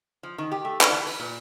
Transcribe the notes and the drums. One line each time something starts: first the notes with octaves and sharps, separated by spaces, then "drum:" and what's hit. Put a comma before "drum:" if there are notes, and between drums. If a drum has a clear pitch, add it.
F3
D#3
G4
A3
A#4, drum: clap
E3
B4, drum: open hi-hat
A#2